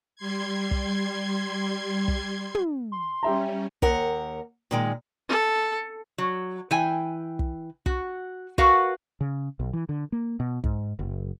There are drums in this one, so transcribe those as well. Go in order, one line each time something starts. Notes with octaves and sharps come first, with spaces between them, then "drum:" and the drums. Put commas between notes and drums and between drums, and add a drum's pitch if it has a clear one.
G3 C6 G#6
drum: kick
drum: kick
drum: tom
C6
G3 C#4 G4 E5 A#5
D#2 A#4 F#5, drum: kick
A#2 D#3 G#3
A4
F#3
E3 G5 G#5
drum: kick
F#4, drum: kick
F#4 A#4 B4 F5 F#5, drum: kick
C#3
B1
E3
D3
A#3
B2
G#2, drum: kick
F#1